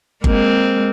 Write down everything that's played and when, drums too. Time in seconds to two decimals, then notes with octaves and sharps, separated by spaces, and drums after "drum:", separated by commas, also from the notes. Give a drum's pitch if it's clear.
0.24 G#3 A#3 C4, drum: kick G1